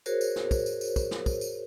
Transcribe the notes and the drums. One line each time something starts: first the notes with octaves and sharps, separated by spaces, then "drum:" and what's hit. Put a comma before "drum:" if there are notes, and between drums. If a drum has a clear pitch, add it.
F#4 G#4 A#4 C5 C#5, drum: tambourine
drum: tambourine
drum: snare
drum: kick, tambourine
drum: tambourine
drum: tambourine
drum: kick, tambourine
drum: snare
drum: kick, tambourine
drum: tambourine